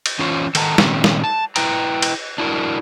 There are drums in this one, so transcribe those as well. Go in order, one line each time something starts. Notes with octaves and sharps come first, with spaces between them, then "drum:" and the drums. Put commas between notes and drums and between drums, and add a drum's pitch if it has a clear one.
drum: cymbal
E3 C#4 F4 C5 C#5
D#3 A4 F#5 A5 A#5, drum: cymbal
A#2 D#3 A3 C4 C#4, drum: snare
drum: snare
A5
E4 B4 G5 A#5, drum: cymbal
drum: cymbal
D4 E4 F#4 A#4